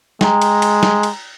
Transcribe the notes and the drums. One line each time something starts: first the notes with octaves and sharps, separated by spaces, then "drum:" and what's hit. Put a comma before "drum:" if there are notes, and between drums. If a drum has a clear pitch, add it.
G#3 G5 A#5, drum: snare
drum: cymbal
drum: cymbal
drum: snare
drum: cymbal